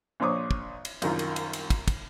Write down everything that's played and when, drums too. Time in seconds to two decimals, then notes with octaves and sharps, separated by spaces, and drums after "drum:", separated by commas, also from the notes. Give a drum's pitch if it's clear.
0.20 A#1 A#2 C5 C#5 D6 D#6
0.51 drum: kick
0.85 drum: cymbal
1.02 C2 F#2 D#3 F4, drum: cymbal
1.19 drum: cymbal
1.36 drum: cymbal
1.53 drum: cymbal
1.70 drum: kick, cymbal
1.88 drum: kick, cymbal